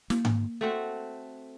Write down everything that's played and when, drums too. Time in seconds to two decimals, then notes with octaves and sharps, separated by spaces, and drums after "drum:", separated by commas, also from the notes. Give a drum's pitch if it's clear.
0.10 A#3, drum: snare
0.25 drum: tom G#2
0.61 A3 C4 F#4